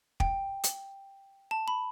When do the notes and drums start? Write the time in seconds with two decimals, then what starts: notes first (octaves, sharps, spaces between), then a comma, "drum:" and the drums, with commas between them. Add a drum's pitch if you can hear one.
0.20 G5, drum: kick
0.63 drum: hi-hat
1.51 A5
1.68 B5